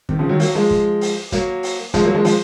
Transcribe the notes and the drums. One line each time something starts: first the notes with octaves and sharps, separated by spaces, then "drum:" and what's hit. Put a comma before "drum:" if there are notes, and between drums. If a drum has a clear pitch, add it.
C3 D#3, drum: kick
C#3 F3
D#3 F#3
F#3 A#3, drum: open hi-hat
F3 G#3
drum: kick
drum: open hi-hat
F#3 A#3, drum: kick, hi-hat
drum: open hi-hat
F3 G#3, drum: kick, hi-hat
F#3 A#3
F3 G#3
F3 G#3, drum: open hi-hat